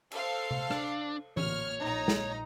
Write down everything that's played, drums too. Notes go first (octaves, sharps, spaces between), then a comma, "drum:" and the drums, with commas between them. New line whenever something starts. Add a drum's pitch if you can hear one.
A4 C5 F5, drum: cymbal
drum: tom C3
D4, drum: rim click
A1 A#2 C#5 F6, drum: tom E3
A#1 D#4 A#5
drum: snare